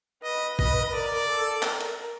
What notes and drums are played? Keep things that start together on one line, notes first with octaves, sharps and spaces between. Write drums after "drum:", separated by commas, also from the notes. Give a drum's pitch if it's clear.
B4 D#5
D#5, drum: kick
A#4 D5
A4
A#4, drum: clap
drum: hi-hat